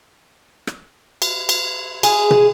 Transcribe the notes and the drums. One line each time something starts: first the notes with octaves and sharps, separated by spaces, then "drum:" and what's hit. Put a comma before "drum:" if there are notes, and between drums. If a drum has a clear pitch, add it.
drum: rim click
drum: cymbal
drum: cymbal
G#4, drum: cymbal
drum: tom